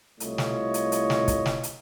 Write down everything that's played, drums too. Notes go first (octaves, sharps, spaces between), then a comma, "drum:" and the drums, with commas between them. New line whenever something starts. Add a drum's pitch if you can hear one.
C2 A3 E4 F4 C#5 D#5, drum: hi-hat
drum: snare
drum: hi-hat
drum: hi-hat
drum: snare
drum: kick, hi-hat
drum: snare
drum: hi-hat